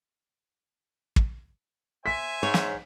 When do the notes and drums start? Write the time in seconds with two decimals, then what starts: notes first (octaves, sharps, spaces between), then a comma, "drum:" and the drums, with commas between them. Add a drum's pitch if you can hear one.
1.16 drum: kick
2.06 C5 E5 G#5 B6
2.43 G#2 C#5
2.54 drum: snare